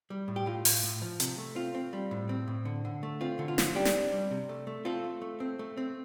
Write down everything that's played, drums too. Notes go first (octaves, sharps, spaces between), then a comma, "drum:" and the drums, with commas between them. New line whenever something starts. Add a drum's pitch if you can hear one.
G3
A2
G4
A2 F4
A2, drum: open hi-hat
A2
F3
C3, drum: hi-hat
A3
C4 F4
C4
G3
A2
C4
A2
D3
D3
A3
C4 F4
D3
F4
F3, drum: snare
G3 D4 G4
drum: snare
C4
G3
C3
A3
A3
C4 F4 A4
A3
A3
C4
A3
C4